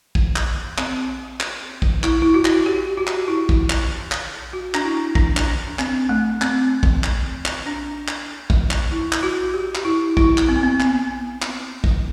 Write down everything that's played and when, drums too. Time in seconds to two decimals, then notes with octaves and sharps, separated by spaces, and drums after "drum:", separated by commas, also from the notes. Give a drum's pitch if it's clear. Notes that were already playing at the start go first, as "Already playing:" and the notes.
0.15 drum: kick A#1
0.36 drum: clap
0.78 C4, drum: clap
1.40 drum: clap
1.82 drum: kick A#1
2.04 E4, drum: clap
2.22 E4
2.34 F#4
2.45 drum: clap
2.66 G4
2.97 F#4
3.07 drum: clap
3.28 E4
3.49 drum: kick A#1
3.70 drum: clap
4.12 drum: clap
4.53 F#4
4.74 D4, drum: clap
4.85 E4
5.15 D4, drum: kick A#1
5.37 drum: clap
5.47 D4
5.79 C4, drum: clap
6.09 A3
6.42 C4, drum: clap
6.83 drum: kick A#1
7.04 drum: clap
7.46 drum: clap
7.66 D4
8.08 drum: clap
8.50 drum: kick A#1
8.71 drum: clap
8.92 E4
9.12 drum: clap
9.23 F#4
9.54 G4
9.75 drum: clap
9.85 E4
10.17 E4, drum: kick A#1
10.38 drum: clap
10.49 C4
10.56 B3
10.63 C4
10.80 B3, drum: clap
11.42 drum: clap
11.84 drum: kick A#1